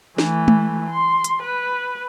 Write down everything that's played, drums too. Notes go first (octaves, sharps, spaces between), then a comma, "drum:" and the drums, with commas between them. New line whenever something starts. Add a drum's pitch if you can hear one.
E3 A3, drum: snare
drum: tom G#3
C6
drum: hi-hat
B4